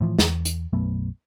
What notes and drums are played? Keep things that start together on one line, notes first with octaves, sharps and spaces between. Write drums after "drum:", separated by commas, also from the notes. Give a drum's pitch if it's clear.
A2 E3 F3
E2, drum: snare
drum: hi-hat
B1 F#2 A3 B3